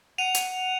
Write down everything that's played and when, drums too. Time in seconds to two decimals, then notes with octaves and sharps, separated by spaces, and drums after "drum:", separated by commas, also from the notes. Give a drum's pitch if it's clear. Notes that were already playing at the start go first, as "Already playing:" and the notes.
0.18 F#5 D#7 F7
0.35 drum: hi-hat